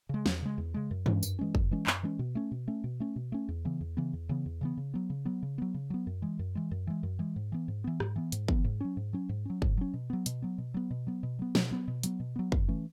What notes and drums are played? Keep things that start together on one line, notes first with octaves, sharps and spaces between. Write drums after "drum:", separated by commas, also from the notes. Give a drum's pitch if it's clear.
C#3 G#3
E2, drum: snare
C#3 G#3
E2
C#3 G#3
F#2
E3 G#3 C#4, drum: tom G2
F#2, drum: tambourine
E3 G#3 C#4
F#2, drum: kick
E3 G#3 C#4
F#2, drum: clap
E3 G#3 C#4
B2
A3 C#4
B2
A3 C#4
B2
A3 C#4
B2
A3 C#4
E2
C#3 E3 B3
E2
C#3 E3 B3
E2
C#3 E3 B3
E2
C#3 E3 B3
C#3
F#3 B3
C#3
F#3 B3
C#3
F#3 B3
C#3
F#3 B3
F#2
E3 G#3
F#2
E3 G#3
F#2
E3 G#3
F#2
E3 G#3
G#2
E3 B3
G#2
E3 B3
G#2, drum: rim click
E3 B3
G#2, drum: hi-hat
E3 B3, drum: kick
G#2
F#3 C#4
G#2
F#3 C#4
G#2
F#3 C#4
G#2, drum: kick
F#3 C#4
B2
F#3 B3
B2, drum: hi-hat
F#3 B3
B2
F#3 B3
B2
F#3 B3
B2
F#3 B3
B2, drum: snare
F#3 B3
B2
F#3 B3, drum: hi-hat
B2
F#3 B3
F#2, drum: kick
E3 A3 C#4